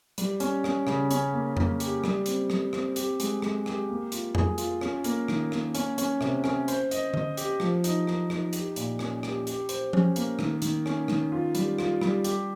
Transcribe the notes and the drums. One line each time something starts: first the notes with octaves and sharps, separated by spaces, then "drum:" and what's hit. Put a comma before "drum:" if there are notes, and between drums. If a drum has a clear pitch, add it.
G3, drum: hi-hat
C#4, drum: hi-hat
C#4, drum: rim click
C#3, drum: rim click
C#4, drum: hi-hat
A#3
A#3, drum: tom F2
G4, drum: hi-hat
G3, drum: rim click
C4, drum: hi-hat
G3, drum: rim click
C4, drum: rim click
G4, drum: hi-hat
G#3, drum: hi-hat
G#3, drum: rim click
G4, drum: rim click
A#3
F4, drum: hi-hat
G#4, drum: tom F2
F4, drum: hi-hat
C#4, drum: rim click
A#3, drum: hi-hat
D#3, drum: rim click
A#3, drum: rim click
C#4, drum: hi-hat
C#4, drum: hi-hat
C3, drum: rim click
C#4, drum: rim click
C5, drum: hi-hat
D#5, drum: hi-hat
D#5, drum: tom D3
G4, drum: hi-hat
F3, drum: rim click
D#4, drum: hi-hat
D#4, drum: rim click
D#4, drum: rim click
G4, drum: hi-hat
A#2, drum: hi-hat
C#4, drum: rim click
G4, drum: rim click
G4, drum: hi-hat
C5, drum: hi-hat
C#4, drum: tom F3
A#3, drum: hi-hat
D#3, drum: rim click
D#3, drum: hi-hat
C#4, drum: rim click
D#3, drum: rim click
F4
G3, drum: hi-hat
F4, drum: rim click
G3, drum: rim click
G4, drum: hi-hat